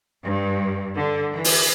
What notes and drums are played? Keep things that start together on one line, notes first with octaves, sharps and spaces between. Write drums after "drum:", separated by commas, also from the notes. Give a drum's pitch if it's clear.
G2
D3
E3
drum: open hi-hat